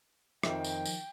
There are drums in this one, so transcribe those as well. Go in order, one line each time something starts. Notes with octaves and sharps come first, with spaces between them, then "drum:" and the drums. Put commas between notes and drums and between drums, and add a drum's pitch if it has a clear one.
F2 C3 D#3 F3 F4 E5 G5, drum: rim click
drum: tambourine
drum: tambourine